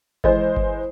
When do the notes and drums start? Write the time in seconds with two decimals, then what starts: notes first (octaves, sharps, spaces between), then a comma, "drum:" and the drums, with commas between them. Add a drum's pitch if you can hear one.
0.24 E3 G#3 C5 D#5, drum: kick G1
0.56 drum: kick G1